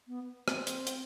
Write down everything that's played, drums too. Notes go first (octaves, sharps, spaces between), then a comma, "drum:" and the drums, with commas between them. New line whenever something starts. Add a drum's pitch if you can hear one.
B3
C4, drum: rim click
drum: hi-hat
drum: hi-hat